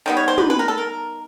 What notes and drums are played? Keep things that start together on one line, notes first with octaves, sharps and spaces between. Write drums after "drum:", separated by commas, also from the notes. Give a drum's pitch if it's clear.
D#3 G3 B3
C#5
C5
B4, drum: tom
B4
A#4
A4
A#4